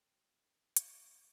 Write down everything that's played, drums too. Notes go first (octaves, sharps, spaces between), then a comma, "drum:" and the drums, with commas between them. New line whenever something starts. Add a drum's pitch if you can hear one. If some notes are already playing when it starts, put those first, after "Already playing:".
Already playing: A3 C4
F#3
D#3
D#3
A3 C4, drum: hi-hat
D#4
A3 C4